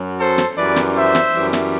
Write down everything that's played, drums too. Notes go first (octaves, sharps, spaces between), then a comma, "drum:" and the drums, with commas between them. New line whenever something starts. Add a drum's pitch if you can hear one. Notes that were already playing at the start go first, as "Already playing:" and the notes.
Already playing: F#2 F#3
A4 C5
drum: snare
F#2 E3 G3 B4 D5
drum: snare
C5 E5
drum: snare
F#2 E3 G3
drum: snare